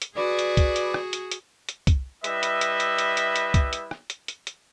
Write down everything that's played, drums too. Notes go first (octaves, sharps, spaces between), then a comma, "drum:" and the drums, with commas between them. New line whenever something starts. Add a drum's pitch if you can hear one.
drum: hi-hat
F#4 G#4 B4 D5
drum: hi-hat
drum: kick C2, hi-hat
drum: hi-hat
drum: rim click
drum: hi-hat
drum: hi-hat
drum: hi-hat
drum: kick C2, hi-hat
G3 E4 B4 D#5 E5, drum: hi-hat
drum: hi-hat
drum: hi-hat
drum: hi-hat
drum: hi-hat
drum: hi-hat
drum: hi-hat
drum: kick C2, hi-hat
drum: hi-hat
drum: rim click
drum: hi-hat
drum: hi-hat
drum: hi-hat